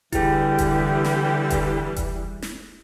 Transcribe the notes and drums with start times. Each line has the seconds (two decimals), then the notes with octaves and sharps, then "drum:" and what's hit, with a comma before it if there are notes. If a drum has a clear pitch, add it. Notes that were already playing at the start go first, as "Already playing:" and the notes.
0.12 D3 E3 G3 E4 G4 G#4, drum: kick F1, hi-hat
0.58 drum: kick F1, hi-hat
1.04 drum: snare
1.50 drum: kick F1, hi-hat
1.96 drum: kick F1, hi-hat
2.42 drum: snare